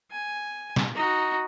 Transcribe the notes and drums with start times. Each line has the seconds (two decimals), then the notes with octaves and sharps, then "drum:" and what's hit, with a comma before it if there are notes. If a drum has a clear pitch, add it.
0.11 G#5
0.76 drum: snare
0.95 D#4 F#4